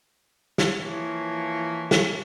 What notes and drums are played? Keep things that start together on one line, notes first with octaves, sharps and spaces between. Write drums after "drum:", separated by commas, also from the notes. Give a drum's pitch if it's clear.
drum: snare
E3 F3 A#3 C#5
drum: snare